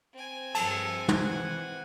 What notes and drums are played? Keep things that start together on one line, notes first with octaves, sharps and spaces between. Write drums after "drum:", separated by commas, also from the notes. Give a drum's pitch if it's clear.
C4 G#5
G2 F3 A4 A5, drum: cymbal
drum: tom
E3 F#5